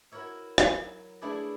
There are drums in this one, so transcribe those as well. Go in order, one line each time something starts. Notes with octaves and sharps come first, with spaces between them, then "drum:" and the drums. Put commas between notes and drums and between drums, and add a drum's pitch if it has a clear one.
E4 F#4 A#4 C#5 E5
F#3, drum: rim click
A3 D4 E4 G#4 B4 D5